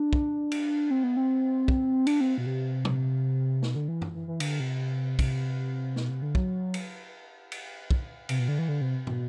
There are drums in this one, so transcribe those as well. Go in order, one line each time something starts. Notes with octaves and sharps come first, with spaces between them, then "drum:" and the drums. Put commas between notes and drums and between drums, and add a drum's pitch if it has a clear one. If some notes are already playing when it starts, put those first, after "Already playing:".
Already playing: D4
drum: kick
drum: cymbal
C4
B3
C4
drum: kick
D4, drum: cymbal
C4
B2
C3
drum: tom
B2, drum: snare
D3
E3
drum: tom F#2
E3
E3
D3, drum: cymbal
C3
C3, drum: kick, cymbal
B2, drum: snare
C3
D3
F#3, drum: kick
drum: cymbal
drum: cymbal
drum: kick
C3, drum: cymbal
B2
D3
E3
D3
C3
B2, drum: tom